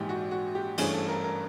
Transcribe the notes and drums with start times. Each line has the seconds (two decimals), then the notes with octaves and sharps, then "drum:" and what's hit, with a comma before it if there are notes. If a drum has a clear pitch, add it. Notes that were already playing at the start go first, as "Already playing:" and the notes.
Already playing: A#1 G#2 E3 G4
0.09 F#4
0.31 F#4
0.55 G4
0.78 G2 E3 A3 C#4 G#4, drum: cymbal
0.94 A4
1.08 A#4
1.24 A#4